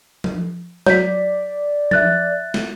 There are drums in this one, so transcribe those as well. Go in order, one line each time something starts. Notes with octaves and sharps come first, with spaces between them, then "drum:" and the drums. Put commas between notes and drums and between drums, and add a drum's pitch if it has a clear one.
drum: tom F3
F#3 D5 G6 B6, drum: snare
E5 F#6 A6, drum: tom F3
drum: snare